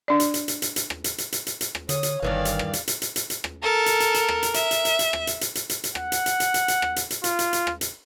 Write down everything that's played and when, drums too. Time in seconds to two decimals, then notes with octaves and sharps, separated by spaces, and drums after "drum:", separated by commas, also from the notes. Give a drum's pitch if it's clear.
0.08 D4 D5
0.20 drum: hi-hat
0.34 drum: hi-hat
0.48 drum: hi-hat
0.62 drum: hi-hat
0.76 drum: hi-hat
0.90 drum: rim click
1.04 drum: hi-hat
1.18 drum: hi-hat
1.32 drum: hi-hat
1.47 drum: hi-hat
1.61 drum: hi-hat
1.75 drum: rim click
1.89 D3 C#5 D#6, drum: hi-hat
2.03 drum: hi-hat
2.23 G1 G2 D#3 E3 D5 F5
2.45 drum: hi-hat
2.59 drum: rim click
2.73 drum: hi-hat
2.88 drum: hi-hat
3.02 drum: hi-hat
3.16 drum: hi-hat
3.30 drum: hi-hat
3.44 drum: rim click
3.63 A4 A#4
3.86 drum: hi-hat
4.00 drum: hi-hat
4.14 drum: hi-hat
4.29 drum: rim click
4.43 drum: hi-hat
4.54 E5, drum: hi-hat
4.71 drum: hi-hat
4.85 drum: hi-hat
4.99 drum: hi-hat
5.13 drum: rim click
5.27 drum: hi-hat
5.41 drum: hi-hat
5.55 drum: hi-hat
5.69 drum: hi-hat
5.84 drum: hi-hat
5.95 F#5, drum: rim click
6.12 drum: hi-hat
6.26 drum: hi-hat
6.40 drum: hi-hat
6.54 drum: hi-hat
6.68 drum: hi-hat
6.82 drum: rim click
6.96 drum: hi-hat
7.10 drum: hi-hat
7.24 F4, drum: hi-hat
7.39 drum: hi-hat
7.53 drum: hi-hat
7.67 drum: rim click
7.81 drum: hi-hat